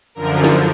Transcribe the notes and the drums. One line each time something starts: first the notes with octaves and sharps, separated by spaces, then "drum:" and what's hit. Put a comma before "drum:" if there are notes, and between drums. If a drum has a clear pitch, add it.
F#2 D3 F3 A#4
drum: snare